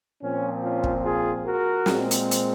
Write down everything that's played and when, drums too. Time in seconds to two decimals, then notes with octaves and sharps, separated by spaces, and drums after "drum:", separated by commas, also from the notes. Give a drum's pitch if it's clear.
0.22 A#2 F3 C4 C#4
0.63 C#4 F4
0.84 drum: kick
1.04 F4 G#4
1.45 F#4 A#4
1.86 A#2 G#3 C4, drum: snare
2.11 drum: hi-hat
2.31 drum: hi-hat